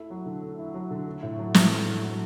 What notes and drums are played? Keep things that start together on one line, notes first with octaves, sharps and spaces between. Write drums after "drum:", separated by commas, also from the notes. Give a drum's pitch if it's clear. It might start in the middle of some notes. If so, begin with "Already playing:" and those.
Already playing: A3 E4
F#3
D3
A3
E4
F#3
D3
A3
A2
F#3
A2, drum: snare
A3
A2
F#3